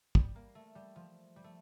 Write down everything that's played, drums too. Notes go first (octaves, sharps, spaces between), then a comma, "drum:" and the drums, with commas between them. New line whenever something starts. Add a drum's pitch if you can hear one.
G3, drum: kick
A#3
A3
G3
F3
G3
A3